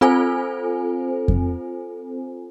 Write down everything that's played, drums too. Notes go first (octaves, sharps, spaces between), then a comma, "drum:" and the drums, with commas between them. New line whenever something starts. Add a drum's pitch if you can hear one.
C4 F4 A4 C5 G#5
drum: kick F2